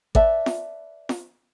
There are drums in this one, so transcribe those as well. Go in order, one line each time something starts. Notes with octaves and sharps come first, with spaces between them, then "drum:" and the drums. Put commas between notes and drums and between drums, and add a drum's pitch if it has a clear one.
B4 D5 E5 A5, drum: kick G#1
drum: snare
drum: snare